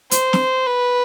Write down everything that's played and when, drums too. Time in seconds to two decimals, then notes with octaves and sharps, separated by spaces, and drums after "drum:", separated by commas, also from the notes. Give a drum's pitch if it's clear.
0.11 C5, drum: hi-hat
0.33 drum: snare
0.67 B4